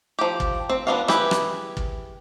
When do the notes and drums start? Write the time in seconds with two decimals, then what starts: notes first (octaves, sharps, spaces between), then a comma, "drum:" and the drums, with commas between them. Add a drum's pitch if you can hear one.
0.19 F3 G4
0.40 drum: kick
0.70 C4
0.87 F3 B3 C#4 D4 F5
1.08 E4 G4 G#4 B4, drum: rim click
1.31 drum: rim click
1.77 drum: kick